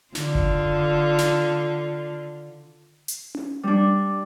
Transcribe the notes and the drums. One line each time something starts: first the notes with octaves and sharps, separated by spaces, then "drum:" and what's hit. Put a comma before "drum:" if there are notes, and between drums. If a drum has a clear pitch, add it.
D3 F4, drum: snare
drum: kick F#1
drum: snare
drum: hi-hat
drum: tom C#4
G3 D4